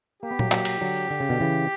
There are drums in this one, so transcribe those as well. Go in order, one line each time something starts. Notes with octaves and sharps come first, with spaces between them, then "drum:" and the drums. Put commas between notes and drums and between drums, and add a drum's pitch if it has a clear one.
A#3 G4
B3
F#3 A#3, drum: tom A#2
F#3 A#3, drum: clap
drum: cymbal
D3 F#3
D3
C#3
B2 D3
C#3 E3